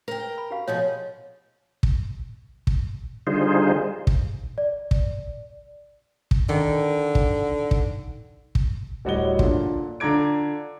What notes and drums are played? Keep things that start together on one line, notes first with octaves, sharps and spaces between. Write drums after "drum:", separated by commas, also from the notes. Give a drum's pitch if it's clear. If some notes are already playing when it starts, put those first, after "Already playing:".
A#4 G5
B5
F#4 G4 F5
B2 F3 F#4 G#4 C#5
drum: kick
drum: kick
D3 G3 D#4 F4 G#4 C5
drum: kick
D5
drum: kick
drum: kick
D3 D#3
drum: kick
drum: kick
drum: kick
D1 G3 F#4 C#5 D#5 G7
A#2 D3, drum: kick
D3 F4 A#5 D6 G#6 D7